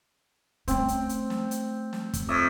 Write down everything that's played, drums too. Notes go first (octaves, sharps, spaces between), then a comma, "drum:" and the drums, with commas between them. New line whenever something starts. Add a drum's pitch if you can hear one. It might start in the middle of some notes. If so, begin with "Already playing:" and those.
A3 C4 C#4, drum: hi-hat
drum: hi-hat
drum: hi-hat
drum: snare
drum: hi-hat
drum: snare
drum: kick, hi-hat
F2 D#5 E5